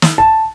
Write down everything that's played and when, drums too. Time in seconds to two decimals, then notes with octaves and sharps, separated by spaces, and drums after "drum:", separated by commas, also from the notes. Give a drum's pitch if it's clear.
0.02 drum: snare
0.18 A5